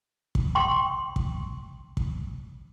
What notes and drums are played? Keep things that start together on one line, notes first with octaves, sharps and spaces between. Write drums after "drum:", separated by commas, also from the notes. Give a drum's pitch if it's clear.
drum: kick
G5 C6 C#6
drum: kick
drum: kick